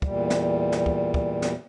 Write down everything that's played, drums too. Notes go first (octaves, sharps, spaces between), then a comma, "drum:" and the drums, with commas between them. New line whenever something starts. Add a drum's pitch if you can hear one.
E2 A#2 G3, drum: kick
drum: snare
drum: snare
drum: kick
drum: kick
drum: snare